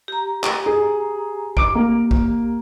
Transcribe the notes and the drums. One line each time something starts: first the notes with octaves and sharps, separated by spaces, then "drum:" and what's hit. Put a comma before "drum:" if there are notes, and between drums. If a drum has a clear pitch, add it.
G4 A#5
drum: clap
G#4
D6 D7, drum: kick
A#3
drum: kick